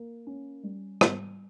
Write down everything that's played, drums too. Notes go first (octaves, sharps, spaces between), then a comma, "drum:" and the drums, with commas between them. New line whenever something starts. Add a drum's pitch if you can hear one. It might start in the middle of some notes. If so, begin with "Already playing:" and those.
Already playing: A#3
C#4
G3
G3, drum: rim click